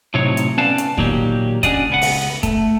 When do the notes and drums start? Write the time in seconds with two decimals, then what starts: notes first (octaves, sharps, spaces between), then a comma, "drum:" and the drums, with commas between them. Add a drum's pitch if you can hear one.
0.14 A2 C3 F#3 C4 D#4 C#5
0.37 drum: hi-hat
0.58 B3 C#4 B4 D5 F5 A5
0.78 drum: hi-hat
0.97 A#2 D#3 F#3 A#3 G4, drum: kick
1.63 C#4 D4 F#4 G#4 D5 D#5, drum: kick, hi-hat
1.90 C#2 B3 F#5
2.02 drum: open hi-hat
2.43 A3, drum: kick, hi-hat